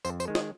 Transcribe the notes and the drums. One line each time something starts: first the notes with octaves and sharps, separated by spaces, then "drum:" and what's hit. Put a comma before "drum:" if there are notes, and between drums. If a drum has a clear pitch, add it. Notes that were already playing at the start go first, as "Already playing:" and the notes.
F2 C5, drum: tambourine
C5, drum: tambourine
D#3 G#3
D#5, drum: snare